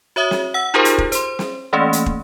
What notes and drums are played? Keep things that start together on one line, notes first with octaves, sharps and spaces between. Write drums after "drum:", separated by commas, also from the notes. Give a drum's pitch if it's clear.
F#4 C#5 E5 D#6
drum: snare
F#5 E6
D#4 F4 G4 G#4 A#4 C5
drum: hi-hat
drum: kick
C5 C6, drum: hi-hat
drum: snare
E3 A3 A#3 C#4
drum: hi-hat
drum: kick